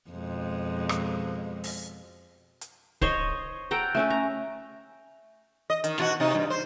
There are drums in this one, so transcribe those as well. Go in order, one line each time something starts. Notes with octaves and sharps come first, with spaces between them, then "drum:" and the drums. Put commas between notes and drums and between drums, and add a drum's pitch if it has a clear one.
F2 B2 G#3
drum: rim click
drum: open hi-hat
drum: hi-hat
C5 C#5 D#5 C6, drum: kick
A4 F#5 G5 A#5
A3 C#4 A4
A#5
D#5
D#3, drum: hi-hat
B2 F4 F#4, drum: snare
C3 D#4
G2
C5